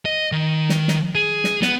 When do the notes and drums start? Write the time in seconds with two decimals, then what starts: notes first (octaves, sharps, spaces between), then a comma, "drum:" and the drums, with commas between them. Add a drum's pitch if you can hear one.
0.05 D#5
0.32 D#3
0.69 drum: snare
0.88 drum: snare
1.15 G#4
1.44 drum: snare
1.62 B3, drum: snare